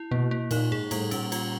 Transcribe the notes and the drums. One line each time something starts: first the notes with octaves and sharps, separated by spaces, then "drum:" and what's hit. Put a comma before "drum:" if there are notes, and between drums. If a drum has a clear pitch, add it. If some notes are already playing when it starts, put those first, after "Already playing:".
Already playing: E4
B2 A#3
B2 A#3
A#2 D#4, drum: cymbal
G#2 G#4
A2 G3, drum: cymbal
A#2 C#4, drum: cymbal
F4, drum: cymbal